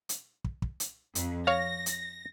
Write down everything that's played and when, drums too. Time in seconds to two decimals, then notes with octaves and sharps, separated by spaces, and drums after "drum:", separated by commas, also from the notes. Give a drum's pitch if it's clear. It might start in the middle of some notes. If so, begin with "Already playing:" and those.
0.09 drum: hi-hat
0.44 drum: kick
0.62 drum: kick
0.80 drum: hi-hat
1.15 F2, drum: hi-hat
1.47 C#5 F5 A#6
1.86 drum: hi-hat